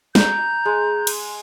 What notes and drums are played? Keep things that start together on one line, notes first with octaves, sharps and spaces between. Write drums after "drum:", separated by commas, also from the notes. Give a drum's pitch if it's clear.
A#5 G6, drum: snare
G#3
drum: cymbal